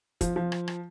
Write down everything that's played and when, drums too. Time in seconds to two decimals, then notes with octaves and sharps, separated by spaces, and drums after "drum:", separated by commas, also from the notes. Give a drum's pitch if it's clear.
0.21 F3, drum: kick, hi-hat
0.36 F3
0.52 drum: rim click
0.68 drum: rim click